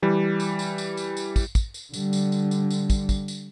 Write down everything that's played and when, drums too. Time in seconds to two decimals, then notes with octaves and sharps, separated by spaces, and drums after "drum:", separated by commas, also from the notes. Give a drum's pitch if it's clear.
0.02 E3 G3
0.40 drum: tambourine
0.59 drum: tambourine
0.78 drum: tambourine
0.97 drum: tambourine
1.17 drum: tambourine
1.36 drum: kick, tambourine
1.55 drum: kick, tambourine
1.74 drum: tambourine
1.94 D3 G3, drum: tambourine
2.13 drum: tambourine
2.32 drum: tambourine
2.51 drum: tambourine
2.70 drum: tambourine
2.90 drum: kick, tambourine
3.09 drum: kick, tambourine
3.28 drum: tambourine